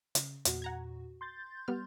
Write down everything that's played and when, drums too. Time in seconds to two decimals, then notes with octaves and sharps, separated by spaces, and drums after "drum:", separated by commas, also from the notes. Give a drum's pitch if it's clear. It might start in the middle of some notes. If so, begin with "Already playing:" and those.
0.15 C#3, drum: hi-hat
0.45 E2 A#2 F#4, drum: hi-hat
0.62 F#5 A#5 G#6
1.21 C6 G6 A6
1.68 G3 B3 F6